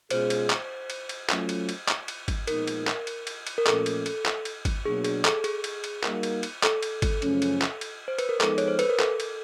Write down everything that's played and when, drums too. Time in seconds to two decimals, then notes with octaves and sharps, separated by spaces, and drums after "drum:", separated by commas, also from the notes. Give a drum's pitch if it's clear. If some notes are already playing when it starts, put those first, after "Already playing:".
0.10 B2 G#3 C#4 F4 G#4 C5, drum: cymbal
0.30 drum: cymbal
0.50 drum: clap
0.90 drum: cymbal
1.09 drum: cymbal
1.29 F#3 A3 C#4 F4, drum: clap
1.49 drum: cymbal
1.69 drum: cymbal
1.88 drum: clap
2.08 drum: cymbal
2.28 drum: kick G#1, cymbal
2.47 A#2 F3 G#3 B3 D#4 A#4, drum: cymbal
2.67 drum: cymbal
2.87 drum: clap
3.07 drum: cymbal
3.27 drum: cymbal
3.47 drum: cymbal
3.58 A#4
3.67 A#2 F3 A3 C#4 A4, drum: clap
3.86 drum: cymbal
4.06 drum: cymbal
4.26 drum: clap
4.45 drum: cymbal
4.65 drum: kick G#1, cymbal
4.85 B2 F#3 A#3 D4 G#4
5.04 G#4, drum: cymbal
5.25 A4, drum: clap
5.44 G#4, drum: cymbal
5.64 drum: cymbal
5.84 drum: cymbal
6.03 G3 A#3 D#4 F#4 A#4, drum: clap
6.23 drum: cymbal
6.43 drum: cymbal
6.63 A4, drum: clap
6.83 drum: cymbal
7.02 drum: kick G#1, cymbal
7.22 F#2 C#3 F3 A3 C#4, drum: cymbal
7.42 drum: cymbal
7.62 drum: clap
7.81 drum: cymbal
8.08 C5
8.18 B4, drum: cymbal
8.29 A#4
8.41 F3 G#3 B3 D#4 A4, drum: clap
8.58 C#5, drum: cymbal
8.68 C5
8.79 B4, drum: cymbal
8.90 A#4
8.99 A4, drum: clap
9.20 drum: cymbal